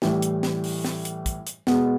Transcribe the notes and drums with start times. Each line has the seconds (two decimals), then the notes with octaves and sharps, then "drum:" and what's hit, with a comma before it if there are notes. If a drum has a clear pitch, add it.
0.02 A2 E3 G3, drum: snare
0.22 drum: hi-hat
0.43 drum: snare
0.64 drum: open hi-hat
0.85 drum: snare
1.05 drum: hi-hat
1.26 drum: kick, hi-hat
1.47 drum: hi-hat
1.67 B2 G#3 B3, drum: snare